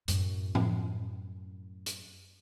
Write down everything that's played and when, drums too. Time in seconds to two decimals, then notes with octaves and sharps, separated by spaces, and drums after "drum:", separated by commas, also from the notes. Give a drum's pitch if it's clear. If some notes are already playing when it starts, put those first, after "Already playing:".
0.08 F#2 A2, drum: hi-hat
0.55 drum: tom A2
1.86 drum: hi-hat